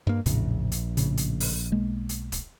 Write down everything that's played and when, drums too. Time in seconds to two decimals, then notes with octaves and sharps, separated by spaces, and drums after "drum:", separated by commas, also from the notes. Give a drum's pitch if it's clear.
0.07 G2 A#3
0.26 A#1 E2 A2 C#3, drum: hi-hat
0.72 drum: hi-hat
0.97 A2 C#3, drum: hi-hat
1.17 drum: hi-hat
1.40 drum: open hi-hat
1.72 B1 G#3 A#3
2.09 drum: hi-hat
2.32 drum: kick, hi-hat